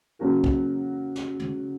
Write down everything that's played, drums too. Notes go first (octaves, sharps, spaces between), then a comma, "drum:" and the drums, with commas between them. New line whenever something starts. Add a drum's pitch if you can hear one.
C#3 F#3 A#3 F#4 A#4
drum: kick
drum: snare
drum: tom